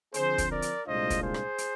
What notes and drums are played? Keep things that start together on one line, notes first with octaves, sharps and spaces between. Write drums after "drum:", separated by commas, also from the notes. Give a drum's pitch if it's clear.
D3 F3 C4 G#4 C5, drum: hi-hat
drum: kick, hi-hat
A#4 D5
drum: hi-hat
C2 A#2 G#3 D4 F4 C5 D#5
drum: kick, hi-hat
G#4 C5
drum: rim click
drum: hi-hat